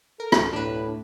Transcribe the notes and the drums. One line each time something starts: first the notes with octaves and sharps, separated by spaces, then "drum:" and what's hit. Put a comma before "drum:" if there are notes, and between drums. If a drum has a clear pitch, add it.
A4 A#4
drum: rim click
A2 D4 B4